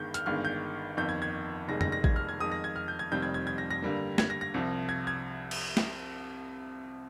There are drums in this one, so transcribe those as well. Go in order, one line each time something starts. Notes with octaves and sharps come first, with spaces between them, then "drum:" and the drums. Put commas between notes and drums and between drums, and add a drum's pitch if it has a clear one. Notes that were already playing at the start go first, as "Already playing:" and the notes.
Already playing: G1 G2 D#3 G#3 G6
F6, drum: hi-hat
G1 G2 D#3 G#3 F6
G6
G1 F2 D#3 G6
G#6
G#6
F1 F2 D#3 G#3 A#6
A#6, drum: tom
A#6
G#6, drum: kick A1
F6
G#6
F2 D#3 G#3 D#6
A#6
G#6
F6
G6
G#6
F1 F2 D#3 G3 C4 G6
G#6
G#6
G#6
A#6
A#6
G2 D3 G3 A#3
G#6, drum: snare
A#6
A#6
C2 C3 F3
G#6
G#6
drum: cymbal
drum: snare